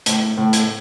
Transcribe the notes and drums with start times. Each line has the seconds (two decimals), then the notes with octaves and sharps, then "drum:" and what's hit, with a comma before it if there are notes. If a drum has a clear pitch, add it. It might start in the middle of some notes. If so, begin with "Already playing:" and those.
0.06 A2, drum: hi-hat
0.37 A2
0.53 drum: hi-hat